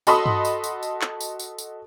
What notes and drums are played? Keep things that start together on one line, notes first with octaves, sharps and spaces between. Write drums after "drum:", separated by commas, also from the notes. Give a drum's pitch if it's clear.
F#4 A4 D#5 B5 C6 D#6, drum: tambourine
drum: tom G2
drum: tambourine
drum: tambourine
drum: tambourine
drum: clap
drum: tambourine
drum: tambourine
drum: tambourine